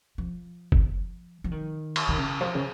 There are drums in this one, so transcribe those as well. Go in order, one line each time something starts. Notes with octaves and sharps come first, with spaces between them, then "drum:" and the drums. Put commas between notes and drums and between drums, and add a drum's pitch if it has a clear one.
F3
drum: kick
F3
D#3
drum: cymbal
D#3
C#3
F3
C#3